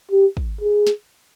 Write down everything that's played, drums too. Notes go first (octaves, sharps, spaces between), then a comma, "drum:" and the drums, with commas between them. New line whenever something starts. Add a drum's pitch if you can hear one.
G4
drum: kick
G#4
drum: snare